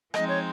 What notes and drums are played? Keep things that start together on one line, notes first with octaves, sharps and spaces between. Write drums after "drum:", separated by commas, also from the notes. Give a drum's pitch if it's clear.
F3 G#3 C4 D#4 D#5, drum: rim click
C#5